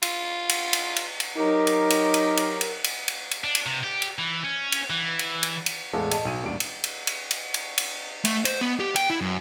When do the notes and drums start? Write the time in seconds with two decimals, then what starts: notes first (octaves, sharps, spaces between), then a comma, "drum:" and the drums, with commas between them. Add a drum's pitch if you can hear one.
0.02 F4, drum: cymbal
0.49 drum: cymbal
0.73 drum: cymbal
0.96 drum: cymbal
1.20 drum: cymbal
1.37 F#3 D#4 G4 A#4
1.67 drum: cymbal
1.90 drum: cymbal
2.14 drum: cymbal
2.37 drum: cymbal
2.61 drum: cymbal
2.84 drum: cymbal
3.08 drum: cymbal
3.31 drum: cymbal
3.44 D4
3.55 drum: cymbal
3.66 C3
3.83 G4
4.02 drum: cymbal
4.19 E3
4.44 C#4
4.72 drum: cymbal
4.90 E3
5.19 drum: cymbal
5.43 drum: cymbal
5.66 drum: cymbal
5.93 E2 A2 G#3 A4 F5 E6
6.11 D#5 A5, drum: cymbal
6.25 B1 D#7
6.43 A1 D#2 G3 D4 D7
6.60 drum: cymbal
6.84 drum: cymbal
7.07 drum: cymbal
7.31 drum: cymbal
7.54 drum: cymbal
7.78 drum: cymbal
8.25 A3, drum: cymbal
8.45 C5, drum: cymbal
8.61 B3
8.80 G4
8.96 G5, drum: cymbal
9.10 E4
9.21 F#2